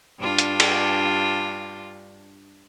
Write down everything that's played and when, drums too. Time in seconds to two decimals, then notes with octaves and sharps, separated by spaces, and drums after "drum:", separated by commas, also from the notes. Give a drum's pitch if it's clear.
0.19 G2 D4 F4
0.39 drum: hi-hat
0.60 drum: cymbal